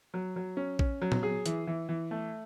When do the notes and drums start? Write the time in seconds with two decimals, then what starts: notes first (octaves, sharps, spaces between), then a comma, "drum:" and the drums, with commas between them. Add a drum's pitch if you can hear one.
0.14 F#3
0.36 F#3
0.57 C#4
0.79 C#4, drum: kick A#1
1.02 F#3
1.12 drum: tom
1.23 G#4
1.46 E3, drum: hi-hat
1.67 E3
1.89 E3
2.11 A3